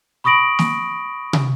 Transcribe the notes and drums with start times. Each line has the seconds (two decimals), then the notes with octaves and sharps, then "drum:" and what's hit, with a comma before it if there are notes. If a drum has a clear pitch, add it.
0.24 B5 C#6 D#6 A#6 D7 F#7
0.59 drum: snare
1.33 drum: tom